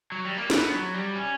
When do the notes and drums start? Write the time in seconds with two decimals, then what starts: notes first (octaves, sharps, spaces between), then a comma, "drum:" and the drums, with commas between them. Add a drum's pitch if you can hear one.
0.12 F#3
0.25 G3
0.37 A#3
0.50 B3, drum: snare
0.72 F#3
0.94 G3
1.15 C#4